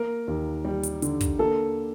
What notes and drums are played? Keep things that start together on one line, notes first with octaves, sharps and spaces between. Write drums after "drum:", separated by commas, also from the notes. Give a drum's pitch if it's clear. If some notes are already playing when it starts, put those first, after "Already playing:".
Already playing: A#3 A#4
D#2
G3
drum: hi-hat
D3, drum: hi-hat
drum: kick, hi-hat
A#3 A4